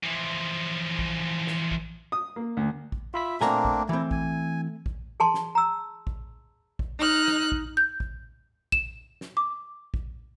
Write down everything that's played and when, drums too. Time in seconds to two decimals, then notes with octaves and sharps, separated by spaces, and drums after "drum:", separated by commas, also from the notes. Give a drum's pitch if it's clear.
0.03 E3 F3
0.99 drum: kick
1.47 drum: snare
1.71 drum: kick
2.12 D#6
2.36 A#3
2.57 D2
2.92 drum: kick
3.14 F4 E5 B5 B6
3.41 A#2 A3 A#3 C4 D4 G#5 A#5, drum: snare
3.65 drum: kick
3.89 E3 C4 E4
4.11 G#5, drum: kick
4.86 drum: kick
5.20 G#4 A5 C6
5.34 drum: snare
5.55 A#5 E6
6.07 drum: kick
6.79 drum: kick
7.00 D#4 F6 F#6
7.28 drum: snare
7.52 drum: kick
7.77 G6
8.00 drum: kick
8.72 E7, drum: kick
9.21 drum: snare
9.37 D6
9.94 drum: kick